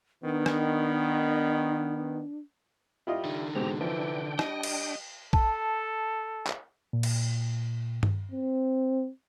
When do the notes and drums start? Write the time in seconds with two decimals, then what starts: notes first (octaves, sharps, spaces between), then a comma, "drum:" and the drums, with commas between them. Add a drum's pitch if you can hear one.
0.23 D#3 B3 D4
0.46 drum: rim click
3.07 G3 E4 F4 D#5
3.25 D3 D#4
3.55 G#2 B2 G#3 C4 G4 A#5
3.81 E3 F3 D4 G5
4.39 G3 D#5, drum: rim click
4.63 drum: cymbal
5.33 A4 A5, drum: kick
6.47 drum: clap
6.93 A#2
7.03 drum: cymbal
8.03 drum: tom G2
8.31 C4